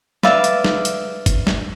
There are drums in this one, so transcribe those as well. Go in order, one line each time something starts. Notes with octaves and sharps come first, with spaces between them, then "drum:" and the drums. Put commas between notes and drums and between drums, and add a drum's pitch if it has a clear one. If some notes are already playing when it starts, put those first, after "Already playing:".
B4 D5 E5 F5, drum: snare
drum: hi-hat
drum: snare
drum: hi-hat
drum: kick, hi-hat
drum: snare